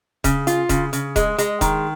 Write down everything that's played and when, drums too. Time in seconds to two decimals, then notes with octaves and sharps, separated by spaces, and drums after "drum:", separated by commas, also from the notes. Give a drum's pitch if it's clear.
0.24 C#3, drum: kick D#1, hi-hat
0.47 F4, drum: hi-hat
0.69 C#3, drum: kick D#1, hi-hat
0.93 C#3, drum: hi-hat
1.16 G#3, drum: kick D#1, hi-hat
1.38 G#3, drum: hi-hat
1.61 D#3, drum: kick D#1, hi-hat